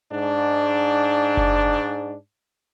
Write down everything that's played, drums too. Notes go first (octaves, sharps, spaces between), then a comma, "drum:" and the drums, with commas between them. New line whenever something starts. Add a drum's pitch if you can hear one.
G#2 D4
drum: kick F#1